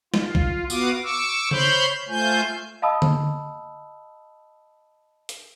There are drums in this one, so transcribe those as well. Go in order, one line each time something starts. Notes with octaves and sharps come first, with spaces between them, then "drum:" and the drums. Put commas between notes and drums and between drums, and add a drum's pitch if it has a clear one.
F4, drum: snare
drum: kick A#1
B3 F#4 F5 D6 D#6, drum: tambourine
C#6 D6 E6
C5 C#5 B5 C6 F6 G6, drum: tom C#3
A3 F4 C5 G#5 G6
D#5 F5 A5 B5 D#6 E6
drum: tom D3
drum: hi-hat